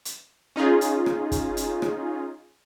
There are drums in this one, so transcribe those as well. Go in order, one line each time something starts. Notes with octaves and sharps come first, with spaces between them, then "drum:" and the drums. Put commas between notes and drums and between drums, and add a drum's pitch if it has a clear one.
drum: hi-hat
C#4 D#4 F4 G#4
drum: hi-hat
drum: rim click
drum: kick, hi-hat
drum: hi-hat
drum: rim click